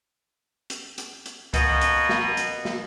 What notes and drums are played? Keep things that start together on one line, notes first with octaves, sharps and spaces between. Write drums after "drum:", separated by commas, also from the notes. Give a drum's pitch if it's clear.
drum: hi-hat
drum: hi-hat
drum: hi-hat
B2 A#3 F#4 D#5, drum: kick C#2, hi-hat
drum: hi-hat
drum: snare
drum: hi-hat
drum: snare